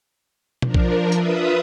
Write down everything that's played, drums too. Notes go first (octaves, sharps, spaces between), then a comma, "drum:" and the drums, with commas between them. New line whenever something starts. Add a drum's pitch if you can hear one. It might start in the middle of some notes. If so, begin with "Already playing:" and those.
F3 D4 A#4, drum: tom B2
drum: kick A#1
F4 B4 E5 D#6, drum: tambourine